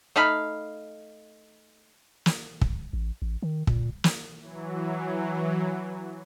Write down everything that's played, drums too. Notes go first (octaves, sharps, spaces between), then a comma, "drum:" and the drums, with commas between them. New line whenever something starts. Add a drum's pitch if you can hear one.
A3 D#4 F5 B5
drum: snare
drum: kick
A1
A1
D#3
A#2, drum: kick
drum: snare
E3 F#3